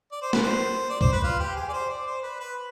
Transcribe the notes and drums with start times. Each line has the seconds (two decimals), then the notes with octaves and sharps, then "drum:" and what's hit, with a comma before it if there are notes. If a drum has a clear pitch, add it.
0.12 D5
0.22 C5
0.33 B4, drum: snare
0.43 C5
0.89 D5
1.01 C5, drum: kick C2
1.12 B4
1.23 F4
1.40 G4
1.57 G#4
1.69 D5
1.73 C5
1.90 D5
2.07 C5
2.23 B4
2.40 B4